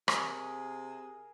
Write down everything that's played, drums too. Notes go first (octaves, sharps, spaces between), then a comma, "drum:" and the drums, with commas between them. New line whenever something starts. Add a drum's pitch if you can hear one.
C3 G#4 A#4, drum: rim click